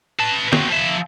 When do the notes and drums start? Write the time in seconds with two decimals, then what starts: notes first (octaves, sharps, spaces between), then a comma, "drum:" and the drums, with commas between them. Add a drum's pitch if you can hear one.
0.20 B4 A5
0.52 C4 F#4, drum: tom
0.69 F3 E5